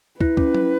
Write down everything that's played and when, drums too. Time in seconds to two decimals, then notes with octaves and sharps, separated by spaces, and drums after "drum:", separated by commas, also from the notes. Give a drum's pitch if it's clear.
0.21 E4 B4, drum: kick
0.37 C#4, drum: kick
0.55 E4, drum: tom F#3